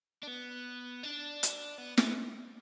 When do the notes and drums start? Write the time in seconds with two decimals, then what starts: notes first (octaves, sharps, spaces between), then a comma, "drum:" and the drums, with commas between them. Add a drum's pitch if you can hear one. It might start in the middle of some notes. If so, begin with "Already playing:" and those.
0.23 D4
0.27 B3
1.03 D4
1.43 drum: hi-hat
1.78 B3
1.98 B3, drum: snare